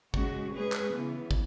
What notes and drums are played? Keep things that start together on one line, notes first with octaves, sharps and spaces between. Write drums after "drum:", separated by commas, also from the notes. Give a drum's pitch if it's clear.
C#3 G#3 C#4 F#4, drum: kick
G#3 C#4 G#4 B4
drum: clap
C#3 E3 B3
drum: kick